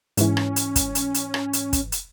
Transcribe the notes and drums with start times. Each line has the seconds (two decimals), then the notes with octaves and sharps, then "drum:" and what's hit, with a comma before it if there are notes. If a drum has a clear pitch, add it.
0.17 G#2 E3 C#4, drum: hi-hat
0.37 drum: rim click
0.56 drum: hi-hat
0.76 drum: kick, hi-hat
0.95 drum: hi-hat
1.14 drum: hi-hat
1.34 drum: rim click
1.53 drum: hi-hat
1.73 drum: kick, hi-hat
1.92 drum: hi-hat